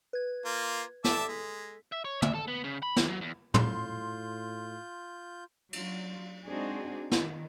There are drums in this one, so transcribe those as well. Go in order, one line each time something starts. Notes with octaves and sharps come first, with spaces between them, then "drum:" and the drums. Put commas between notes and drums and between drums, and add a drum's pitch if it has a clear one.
B4 G#6
A#3 F4
A4 D5 E5 A5 B6, drum: snare
G#3
E5
C#5
E5, drum: tom
A4
B3
C#3
B5
D#3, drum: snare
F#3
E2
A2 F4 C6 G6, drum: tom
F#3 F4, drum: cymbal
G#3 C4 D4 D#4 F#4 G#4
D#3, drum: snare